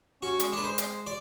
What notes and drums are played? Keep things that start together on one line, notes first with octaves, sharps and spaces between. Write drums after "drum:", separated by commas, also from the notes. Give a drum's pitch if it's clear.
C#4 F#4
G#3, drum: hi-hat
D4 B4
C5
drum: hi-hat
D5